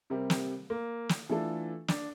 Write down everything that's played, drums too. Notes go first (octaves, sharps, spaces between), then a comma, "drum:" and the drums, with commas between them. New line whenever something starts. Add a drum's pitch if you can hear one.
C3 G3 C4 G4 A#4
drum: snare
A#3
drum: snare
E3 A3 D4 F4 A4
D4, drum: snare